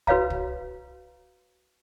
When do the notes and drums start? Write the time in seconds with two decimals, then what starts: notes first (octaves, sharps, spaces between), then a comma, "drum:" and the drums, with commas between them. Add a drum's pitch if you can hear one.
0.07 F#4 B4 C#5 F5 A#5, drum: kick
0.30 drum: kick